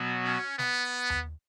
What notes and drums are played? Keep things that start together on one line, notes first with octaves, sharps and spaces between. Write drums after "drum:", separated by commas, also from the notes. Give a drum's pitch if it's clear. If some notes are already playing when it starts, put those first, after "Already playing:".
Already playing: B2 F#3 B3 F#4
C#4
B3, drum: snare
drum: tom D#2